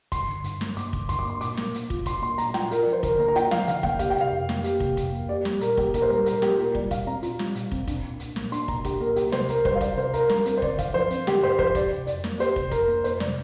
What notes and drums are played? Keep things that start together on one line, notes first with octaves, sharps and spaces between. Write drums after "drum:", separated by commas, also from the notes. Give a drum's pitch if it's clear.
G2 C6, drum: kick, hi-hat
D3
G2, drum: hi-hat
A#3, drum: snare
G2 D6, drum: hi-hat
D3, drum: kick
G2 C6, drum: kick, hi-hat
D6
A#3 C6
A#2 D6, drum: hi-hat
A#3, drum: snare
A#2, drum: hi-hat
F4, drum: kick
A#2 C6, drum: kick, hi-hat
A#3 C6
A#2 A#5, drum: hi-hat
F4 G5, drum: snare
F4 A#4, drum: hi-hat
F3 D5
C5
D3 A#4, drum: kick, hi-hat
A#3 A#4
A#5
F4 G5, drum: hi-hat
F3 F5, drum: snare
D3 F5, drum: hi-hat
A#3 G5, drum: kick
G4 F5, drum: kick, hi-hat
G5
C3 F5
F2
A#3, drum: snare
G4, drum: hi-hat
C3, drum: kick
F2, drum: kick, hi-hat
A#3
G4 D5
G3, drum: snare
A#2 A#4, drum: hi-hat
A#3 G4, drum: kick
G4 A#4, drum: kick, hi-hat
C5
G3 A#4
A#2 A#4, drum: hi-hat
A#3 G4, drum: snare
F4 A#4
G3 D5, drum: kick
A#2 F5, drum: kick, hi-hat
C4 A#5
F4, drum: hi-hat
G3, drum: snare
A#2, drum: hi-hat
C4, drum: kick
D4, drum: kick, hi-hat
A#2
C2, drum: hi-hat
A#3, drum: snare
D4 C6, drum: hi-hat
A#2 A#5, drum: kick
C2 G4, drum: kick, hi-hat
A#3 A#4
C2 G4, drum: hi-hat
C3 C5, drum: snare
C2 A#4, drum: hi-hat
G3 C5, drum: kick
F5
C2 D5, drum: kick, hi-hat
C3 C5
C2 A#4, drum: hi-hat
G3 A#4, drum: snare
C4 A#4, drum: hi-hat
C5
D3 D5, drum: kick
G2 F5, drum: kick, hi-hat
F3 C5
C4, drum: hi-hat
D3 G4, drum: snare
G2 C5
F3 C5, drum: kick
G4 D5, drum: kick, hi-hat
C3
F2 D5, drum: hi-hat
A#3, drum: snare
G4 C5, drum: hi-hat
C3, drum: kick
F2 A#4, drum: kick, hi-hat
A#3
F2 C5, drum: hi-hat
C3 D5, drum: snare